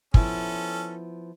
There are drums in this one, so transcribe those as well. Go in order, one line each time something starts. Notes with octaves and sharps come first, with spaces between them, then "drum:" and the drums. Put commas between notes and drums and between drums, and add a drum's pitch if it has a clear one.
F3 B3 C#4 E4 A4, drum: kick